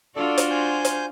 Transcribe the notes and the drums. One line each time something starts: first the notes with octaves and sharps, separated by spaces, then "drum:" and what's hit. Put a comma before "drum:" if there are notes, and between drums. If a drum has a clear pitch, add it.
D4 F4 F#4 A4 D5
drum: hi-hat
C5 G#5 G6
drum: hi-hat